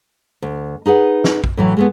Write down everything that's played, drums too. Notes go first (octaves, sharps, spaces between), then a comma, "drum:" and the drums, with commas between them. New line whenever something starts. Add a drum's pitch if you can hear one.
D2
D#4 G#4 B4 F#5
drum: snare
drum: kick A#1
A2 E3 F#3
G#3 A3 B3